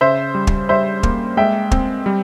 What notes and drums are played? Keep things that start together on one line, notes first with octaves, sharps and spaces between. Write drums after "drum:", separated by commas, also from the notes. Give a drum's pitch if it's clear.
C#3 C5 E5
G3
drum: kick
G3 C5 E5
A#3, drum: kick
G#3 E5 G5
C4, drum: kick
G3